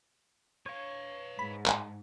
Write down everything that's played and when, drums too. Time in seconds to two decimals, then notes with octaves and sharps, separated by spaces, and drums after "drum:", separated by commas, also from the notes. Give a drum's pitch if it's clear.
0.66 B4 C#5 F5
1.39 G#2 B5
1.66 drum: clap